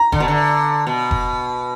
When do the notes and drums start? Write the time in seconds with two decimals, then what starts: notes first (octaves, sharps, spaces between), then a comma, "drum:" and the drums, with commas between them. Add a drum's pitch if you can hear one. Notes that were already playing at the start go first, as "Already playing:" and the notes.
Already playing: A#5
0.12 D3, drum: kick F1
0.20 B2
0.28 D3
0.87 B2
1.11 drum: kick F1